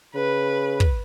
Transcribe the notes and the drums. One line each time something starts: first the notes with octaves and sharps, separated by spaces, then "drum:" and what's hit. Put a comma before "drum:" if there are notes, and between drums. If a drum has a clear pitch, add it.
C#3 B4
drum: kick